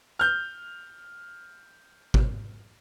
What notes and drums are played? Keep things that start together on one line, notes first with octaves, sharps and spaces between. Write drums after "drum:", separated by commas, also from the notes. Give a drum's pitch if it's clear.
F6 G6
drum: kick G#1